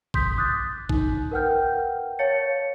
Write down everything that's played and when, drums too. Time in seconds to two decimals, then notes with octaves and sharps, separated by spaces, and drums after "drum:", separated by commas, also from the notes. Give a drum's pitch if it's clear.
0.14 C6 D#6 G6 B6, drum: kick G#1
0.37 D6 D#6 F#6 G6 A6
0.89 D#4, drum: kick G#1
1.31 A#4 B4 F#5 G5 F6 G6
2.19 C#5 F5 A5 G6 A6 C#7